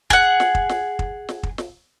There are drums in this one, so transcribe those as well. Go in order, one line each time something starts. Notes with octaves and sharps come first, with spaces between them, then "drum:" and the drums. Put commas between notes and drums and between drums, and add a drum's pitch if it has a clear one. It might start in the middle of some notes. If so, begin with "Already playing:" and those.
G#4 F#5, drum: kick
drum: snare
drum: kick
drum: snare
drum: kick
drum: snare
drum: kick
drum: snare